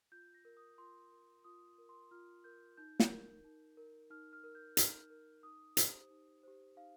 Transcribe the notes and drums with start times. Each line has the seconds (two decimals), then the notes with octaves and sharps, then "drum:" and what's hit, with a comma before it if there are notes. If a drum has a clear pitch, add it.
0.12 F4 G6
0.34 A#6
0.45 A#4
0.57 D#6
0.78 F4 C6
1.12 A#4
1.45 F4 D#6
1.78 A#4
1.89 C6
2.11 F4 F6
2.44 A#4 G6
2.77 D#4 G6
3.00 drum: snare
3.11 A#4
3.44 D#4
3.77 A#4
4.10 D#4 F6
4.33 F6
4.44 A#4
4.55 G6
4.77 D#4 F6, drum: hi-hat
5.10 A#4
5.43 D#4 D#6
5.77 G4 C5, drum: hi-hat
6.11 D#4
6.43 G4 C5
6.76 D#4 F5